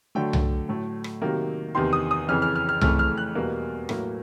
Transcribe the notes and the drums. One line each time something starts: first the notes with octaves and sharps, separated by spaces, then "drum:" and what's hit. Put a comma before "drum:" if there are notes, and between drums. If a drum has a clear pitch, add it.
D3 F#3 A3 G5
drum: tom C2
A2 F#3 A3
drum: rim click
C3 D#3 F#3 A#3
E2 C3 D#3 C6
D#6
D#6
F2 C#3 E3 F6
F6
F6
F6
F2 C#3 E3 A3 F6, drum: tom C2
F6
F#6
E2 B2 G3 A#3
A2 F#3 A#3, drum: rim click